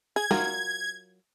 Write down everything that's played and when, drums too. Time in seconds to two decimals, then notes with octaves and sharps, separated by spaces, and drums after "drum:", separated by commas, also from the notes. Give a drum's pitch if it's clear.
0.16 G#4 G#6
0.31 F#3 F4 A#4, drum: snare